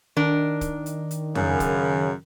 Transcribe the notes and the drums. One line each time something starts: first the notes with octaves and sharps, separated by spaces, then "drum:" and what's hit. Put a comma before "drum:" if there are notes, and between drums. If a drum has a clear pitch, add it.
D#3 D4 A#4
drum: kick, hi-hat
drum: hi-hat
drum: hi-hat
F#2 C#3, drum: tom F2
drum: kick, hi-hat